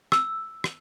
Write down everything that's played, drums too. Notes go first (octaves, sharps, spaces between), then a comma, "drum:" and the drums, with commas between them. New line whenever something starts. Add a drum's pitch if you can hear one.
E6, drum: rim click
drum: rim click